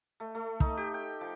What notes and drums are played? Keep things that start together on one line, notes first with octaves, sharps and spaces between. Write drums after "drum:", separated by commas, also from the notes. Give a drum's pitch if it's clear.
A3
A3
D#4, drum: kick
G4
G5
F3